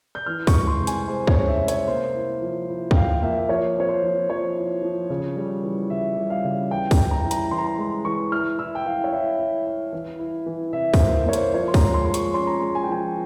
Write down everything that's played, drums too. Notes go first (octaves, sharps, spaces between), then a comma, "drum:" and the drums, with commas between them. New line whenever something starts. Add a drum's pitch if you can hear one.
G6
E3 F6
C#6, drum: kick, open hi-hat
G#3
C6
C3
G#5, drum: hi-hat
G#3 C5
C#5, drum: kick
C#4
E5
C3
C#5, drum: hi-hat
A#3 C5
E4
F3
E4
G5, drum: kick
F3 F5
A#3 E5
E5
F3 C#5
C4 C#5
C5
F3
F3 C#5
E4
F3
C#3
G3
E3
C#3 E5
G3
F5
C#3
E3 G5
G5, drum: kick, open hi-hat
E4
A#5
E4
A#5, drum: hi-hat
E3 C6
A#5
C6
G#3
E3 C#6
E4 F6
E4 E6
G5
E4 F5
C#5
E4 E5
E4
E4
E3
E4
E3
C3 E5
C5, drum: kick, open hi-hat
A#3
A#3 C#5
C5, drum: hi-hat
F3 C#5
C6
A#5, drum: kick, open hi-hat
G#3
C6
F3 C6
C#6, drum: hi-hat
C#4 C6
A#5
G#3 C6
G#5
G5
F3 G#5